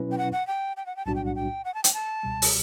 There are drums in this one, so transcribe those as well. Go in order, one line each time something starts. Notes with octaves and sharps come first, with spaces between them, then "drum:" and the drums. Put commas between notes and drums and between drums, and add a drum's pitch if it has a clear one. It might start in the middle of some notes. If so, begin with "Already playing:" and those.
Already playing: B2 F#3 C#4 E4 B4
G5
F#5
F#5
G5
G5
F#5
G5
B1 A2 G3 D4 F#4 A5
G5
F#5
G5
F#5
A5
G5, drum: hi-hat
A5
C#2 B2 G3
drum: open hi-hat